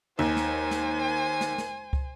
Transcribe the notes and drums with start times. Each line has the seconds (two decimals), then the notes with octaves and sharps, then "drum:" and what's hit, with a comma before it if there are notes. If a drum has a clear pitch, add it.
0.19 D#2 C5 G#5
0.36 drum: snare
0.71 drum: snare
1.41 drum: snare
1.58 drum: snare
1.93 drum: kick